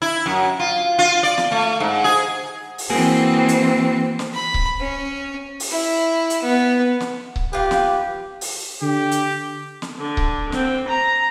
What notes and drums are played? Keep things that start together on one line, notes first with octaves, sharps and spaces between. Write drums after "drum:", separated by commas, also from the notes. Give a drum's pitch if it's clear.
E4
F#2
F4
F4
D5
drum: snare
A3
G#2
G#4
drum: open hi-hat
E3 A#3 C4 F#4 G#4
drum: hi-hat
drum: snare
B5
drum: kick C#1
C#4
drum: open hi-hat
E4
drum: hi-hat
B3
drum: snare
drum: kick C#1
F4 G4 B4
drum: snare
drum: open hi-hat
D3 G4
drum: hi-hat
drum: snare
D3
drum: kick C#1
C4, drum: snare
A#5